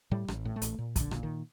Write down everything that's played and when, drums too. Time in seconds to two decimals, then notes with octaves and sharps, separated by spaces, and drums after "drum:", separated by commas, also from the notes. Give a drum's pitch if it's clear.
0.11 A2 G3
0.28 A1, drum: rim click
0.45 A2
0.56 A3
0.62 A1, drum: hi-hat
0.79 A#2
0.96 A#1 D3, drum: kick, hi-hat
1.11 A#2, drum: rim click
1.23 D#3